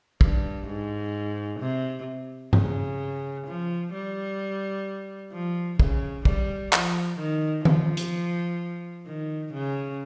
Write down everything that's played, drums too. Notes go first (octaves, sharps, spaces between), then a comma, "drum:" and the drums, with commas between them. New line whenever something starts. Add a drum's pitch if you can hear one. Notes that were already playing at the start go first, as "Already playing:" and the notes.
G2, drum: kick
G#2
C3
C#3, drum: tom G2
F3
G3
F3
C#3, drum: kick
G3, drum: kick
F3, drum: clap
D#3
F3, drum: tom D#3
drum: hi-hat
D#3
C#3